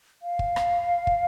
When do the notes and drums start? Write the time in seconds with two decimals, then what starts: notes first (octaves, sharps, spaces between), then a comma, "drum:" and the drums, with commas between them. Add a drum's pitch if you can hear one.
0.22 F5
0.39 drum: kick
0.56 drum: rim click
1.07 drum: kick